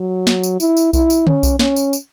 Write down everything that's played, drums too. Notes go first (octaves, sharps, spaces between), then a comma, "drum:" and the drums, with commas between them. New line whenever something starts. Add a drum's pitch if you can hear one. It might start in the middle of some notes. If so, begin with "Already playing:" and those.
Already playing: F#3
drum: snare
drum: tambourine
E4, drum: tambourine
drum: tambourine
E4, drum: kick B1, tambourine
drum: tambourine
C#4, drum: tom D3
drum: kick B1, tambourine
C#4, drum: snare
drum: tambourine
drum: tambourine